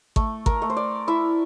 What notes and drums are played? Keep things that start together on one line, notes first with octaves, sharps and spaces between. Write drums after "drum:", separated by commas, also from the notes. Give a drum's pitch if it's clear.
A3, drum: kick G#1
A#4, drum: kick G#1
A3
C5
D5
E4 E5